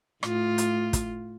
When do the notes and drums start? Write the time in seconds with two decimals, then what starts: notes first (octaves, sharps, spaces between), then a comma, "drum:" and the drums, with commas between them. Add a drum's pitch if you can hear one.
0.23 A2 F4, drum: rim click
0.58 drum: hi-hat
0.93 drum: kick, hi-hat